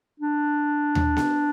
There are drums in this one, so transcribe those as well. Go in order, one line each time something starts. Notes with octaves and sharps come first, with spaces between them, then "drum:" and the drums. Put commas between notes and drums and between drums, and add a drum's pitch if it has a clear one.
D4
drum: tom D#2
drum: snare B3